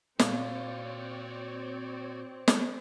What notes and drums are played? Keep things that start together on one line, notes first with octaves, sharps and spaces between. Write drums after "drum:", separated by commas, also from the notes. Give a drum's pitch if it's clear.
A#2 A#3 C4 F#4 C#5 D5 F5, drum: snare
drum: snare